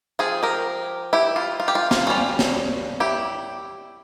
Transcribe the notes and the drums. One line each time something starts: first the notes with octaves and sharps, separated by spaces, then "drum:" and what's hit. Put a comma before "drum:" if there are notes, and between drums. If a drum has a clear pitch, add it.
F3 C4 F4 G#4
G4 A#4
E4 G4
F4
F4
G4
F4
F4, drum: snare
G3 C#4 F4
drum: snare
E4 G4